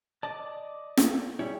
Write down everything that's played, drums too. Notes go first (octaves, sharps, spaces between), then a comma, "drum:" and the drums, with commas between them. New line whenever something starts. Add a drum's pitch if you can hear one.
D5 D#5 A5 D6
drum: snare
G3 E4 G#4 C#5